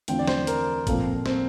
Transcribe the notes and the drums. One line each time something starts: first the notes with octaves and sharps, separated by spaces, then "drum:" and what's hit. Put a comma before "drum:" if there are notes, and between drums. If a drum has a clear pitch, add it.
E2 D3 A3 C4 F4 G5, drum: hi-hat
D5
C5, drum: snare
A#4, drum: hi-hat
A#2 F3 C4 F4 A4, drum: kick G#1, hi-hat
C4, drum: snare